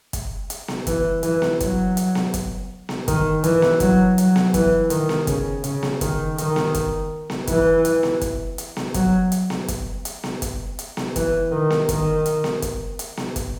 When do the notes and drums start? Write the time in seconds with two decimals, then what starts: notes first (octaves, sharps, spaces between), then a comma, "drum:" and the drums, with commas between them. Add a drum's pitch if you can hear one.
0.13 drum: kick, hi-hat
0.50 drum: hi-hat
0.68 drum: snare B3
0.87 E3, drum: kick, hi-hat
1.23 E3, drum: hi-hat
1.42 drum: snare B3
1.60 F#3, drum: kick, hi-hat
1.97 drum: hi-hat
2.15 drum: snare B3
2.34 drum: kick, hi-hat
2.89 drum: snare B3
3.08 D#3, drum: kick, hi-hat
3.44 E3, drum: hi-hat
3.62 drum: snare B3
3.80 F#3, drum: kick, hi-hat
4.18 F#3, drum: hi-hat
4.36 drum: snare B3
4.54 E3, drum: kick, hi-hat
4.90 D#3, drum: hi-hat
5.09 drum: snare B3
5.27 C#3, drum: kick, hi-hat
5.64 C#3, drum: hi-hat
5.83 drum: snare B3
6.01 D#3, drum: kick, hi-hat
6.38 D#3, drum: hi-hat
6.56 drum: snare B3
6.74 drum: kick, hi-hat
7.30 drum: snare B3
7.47 E3, drum: kick, hi-hat
7.85 drum: hi-hat
8.03 drum: snare B3
8.21 drum: kick, hi-hat
8.58 drum: hi-hat
8.77 drum: snare B3
8.94 F#3, drum: kick, hi-hat
9.32 drum: hi-hat
9.50 drum: snare B3
9.68 drum: kick, hi-hat
10.05 drum: hi-hat
10.23 drum: snare B3
10.42 drum: kick, hi-hat
10.79 drum: hi-hat
10.97 drum: snare B3
11.16 E3, drum: kick, hi-hat
11.51 D#3
11.70 drum: snare B3
11.89 D#3, drum: kick, hi-hat
12.26 drum: hi-hat
12.44 drum: snare B3
12.62 drum: kick, hi-hat
12.99 drum: hi-hat
13.17 drum: snare B3
13.36 drum: kick, hi-hat